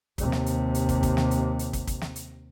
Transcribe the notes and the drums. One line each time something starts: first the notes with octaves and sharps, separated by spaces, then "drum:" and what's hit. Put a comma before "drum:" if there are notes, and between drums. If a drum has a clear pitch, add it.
D#2 C3, drum: kick, hi-hat
drum: snare
drum: hi-hat
drum: hi-hat
drum: kick, hi-hat
drum: kick, hi-hat
drum: snare
drum: hi-hat
drum: hi-hat
drum: kick, hi-hat
drum: kick, hi-hat
drum: snare
drum: hi-hat